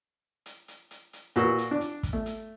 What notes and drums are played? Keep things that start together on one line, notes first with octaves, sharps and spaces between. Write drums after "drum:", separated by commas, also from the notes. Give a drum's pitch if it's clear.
drum: hi-hat
drum: hi-hat
drum: hi-hat
drum: hi-hat
A#2 F#4 B4 E6, drum: hi-hat
drum: hi-hat
D4 D6
drum: hi-hat
drum: kick, hi-hat
A3
drum: hi-hat